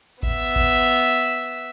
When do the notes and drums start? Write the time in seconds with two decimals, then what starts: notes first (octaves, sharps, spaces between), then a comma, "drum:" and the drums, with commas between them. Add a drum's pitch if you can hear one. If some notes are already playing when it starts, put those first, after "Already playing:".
0.23 B3 E5, drum: kick G#1
0.56 drum: kick G#1